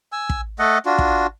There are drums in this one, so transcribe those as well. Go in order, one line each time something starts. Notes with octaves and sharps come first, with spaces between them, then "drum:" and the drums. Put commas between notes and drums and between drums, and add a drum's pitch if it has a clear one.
G#5 E6
drum: kick
A3 A4 D#5 F#5
D4 F4 F#4
drum: kick